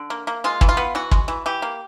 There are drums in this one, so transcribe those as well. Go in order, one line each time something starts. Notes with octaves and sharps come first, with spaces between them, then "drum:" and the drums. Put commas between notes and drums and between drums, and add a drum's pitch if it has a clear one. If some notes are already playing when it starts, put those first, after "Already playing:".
Already playing: D3
A#3
A#3
G#3 F4
E3, drum: kick
F4
B3
E3 F#4
G#3, drum: kick
E3
E3 G4
A#3